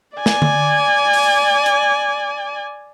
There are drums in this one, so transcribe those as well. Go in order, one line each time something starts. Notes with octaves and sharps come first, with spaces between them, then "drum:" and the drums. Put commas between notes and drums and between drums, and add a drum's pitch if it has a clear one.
D5 G#5
drum: snare
drum: tom D3
drum: open hi-hat
drum: hi-hat